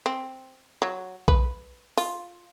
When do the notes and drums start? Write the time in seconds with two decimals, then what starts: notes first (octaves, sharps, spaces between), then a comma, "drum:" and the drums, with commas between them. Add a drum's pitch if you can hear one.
0.06 C4
0.82 F#3
1.28 B4, drum: kick B1
1.97 F4, drum: open hi-hat